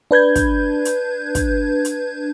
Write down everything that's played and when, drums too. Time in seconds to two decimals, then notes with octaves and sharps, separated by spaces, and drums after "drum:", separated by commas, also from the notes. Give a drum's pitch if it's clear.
0.11 D4 B4 G6 G#6
0.36 drum: kick, hi-hat
0.85 drum: hi-hat
1.35 drum: kick, hi-hat
1.85 drum: hi-hat